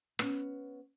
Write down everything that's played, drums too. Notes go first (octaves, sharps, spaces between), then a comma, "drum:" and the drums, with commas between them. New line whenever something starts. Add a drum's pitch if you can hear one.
B3 C#4, drum: rim click